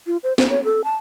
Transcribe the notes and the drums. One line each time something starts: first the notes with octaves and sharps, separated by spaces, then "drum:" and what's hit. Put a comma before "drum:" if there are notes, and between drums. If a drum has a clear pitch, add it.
F4
C5
C5, drum: snare
C#5
A4
A5